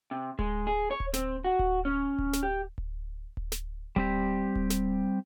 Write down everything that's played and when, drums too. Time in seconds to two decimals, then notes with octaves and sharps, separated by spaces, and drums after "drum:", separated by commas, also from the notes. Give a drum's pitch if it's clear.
0.11 C3
0.39 G#3, drum: kick D1
0.67 G#4
0.91 C#5
1.00 drum: kick D1
1.14 C4, drum: snare
1.44 F#4
1.59 drum: kick D1
1.85 C#4
2.19 drum: kick D1
2.33 drum: snare
2.43 G4
2.78 drum: kick D1
3.37 drum: kick D1
3.52 drum: snare
3.96 G3 C4 G4, drum: kick D1
4.55 drum: kick D1
4.70 drum: snare